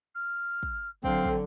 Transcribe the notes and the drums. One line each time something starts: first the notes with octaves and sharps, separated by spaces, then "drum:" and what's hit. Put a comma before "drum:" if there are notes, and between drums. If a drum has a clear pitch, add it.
F6
drum: kick
D3 F#3 C4 F5, drum: kick
drum: kick